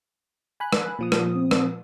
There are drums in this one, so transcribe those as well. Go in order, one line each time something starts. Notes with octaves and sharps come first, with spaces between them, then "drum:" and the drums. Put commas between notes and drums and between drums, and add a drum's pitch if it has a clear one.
G#5 B5 F#6
drum: rim click
A#2 F3 D#6
drum: rim click
C4
drum: rim click